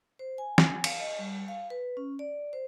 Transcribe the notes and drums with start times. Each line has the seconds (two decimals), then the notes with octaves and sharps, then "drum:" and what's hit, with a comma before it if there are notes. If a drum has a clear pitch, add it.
0.19 C5
0.38 G#5
0.58 drum: snare
0.84 F5, drum: cymbal
1.00 D#5
1.19 G3
1.48 F5
1.70 B4
1.97 C#4
2.19 D5
2.53 C5